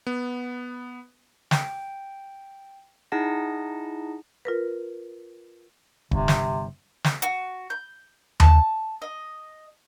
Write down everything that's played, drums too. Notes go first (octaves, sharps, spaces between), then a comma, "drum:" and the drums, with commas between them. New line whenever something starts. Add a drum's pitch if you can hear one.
B3
G5, drum: snare
D#4 E4 G#4 F#5 A5 A#6
F4 A#4 B4
G1 C3, drum: kick D#1
drum: snare
drum: snare
F#4, drum: hi-hat
G6
A5, drum: tom D#2
D#5